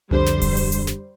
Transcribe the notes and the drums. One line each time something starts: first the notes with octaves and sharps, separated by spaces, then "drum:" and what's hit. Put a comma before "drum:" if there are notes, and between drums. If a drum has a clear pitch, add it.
F2 D3 G3 C5, drum: tom C2
drum: snare
drum: kick D1, open hi-hat
drum: open hi-hat
drum: hi-hat
drum: snare